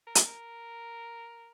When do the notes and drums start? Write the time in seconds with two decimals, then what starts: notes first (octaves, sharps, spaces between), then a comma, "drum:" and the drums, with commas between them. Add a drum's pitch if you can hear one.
0.07 A#4
0.15 G#4, drum: hi-hat
0.24 A#4